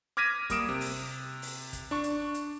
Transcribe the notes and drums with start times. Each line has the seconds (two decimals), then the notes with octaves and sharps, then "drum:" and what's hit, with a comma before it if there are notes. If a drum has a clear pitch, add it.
0.17 D6 F6 G#6 A#6 B6 D#7
0.50 G3 A#3 D#6 D7 E7, drum: kick, hi-hat
0.69 C3
0.81 drum: open hi-hat
1.42 drum: open hi-hat
1.73 drum: kick, hi-hat
1.91 D4 C#6
2.04 drum: hi-hat
2.34 drum: hi-hat